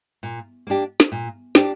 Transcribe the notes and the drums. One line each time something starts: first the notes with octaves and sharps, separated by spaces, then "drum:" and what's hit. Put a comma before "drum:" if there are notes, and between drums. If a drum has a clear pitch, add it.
A#2
A#3 D4 G4
drum: snare
A#2
A#3 D4 G4, drum: snare